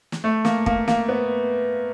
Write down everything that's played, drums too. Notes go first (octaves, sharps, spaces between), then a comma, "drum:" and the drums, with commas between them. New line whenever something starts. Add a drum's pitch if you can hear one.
drum: snare
A3
A#3, drum: snare
A#3, drum: kick
A#3, drum: snare
B3